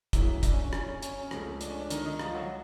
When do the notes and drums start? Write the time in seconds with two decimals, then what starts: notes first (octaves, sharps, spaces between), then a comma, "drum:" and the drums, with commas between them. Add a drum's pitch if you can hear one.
0.13 F#2 C#3 E3 F#3 A#3 E4, drum: kick, hi-hat
0.43 D4, drum: kick, hi-hat
0.52 C#4
0.62 C#4
0.73 C#4, drum: rim click
1.02 C#4, drum: hi-hat
1.31 C#2 C#3 F3 A3, drum: rim click
1.61 D4, drum: hi-hat
1.70 C#4
1.80 D4
1.90 D#3 D#4, drum: hi-hat
2.05 D#3 D#4
2.20 F3 F4, drum: rim click
2.35 F#3 F#4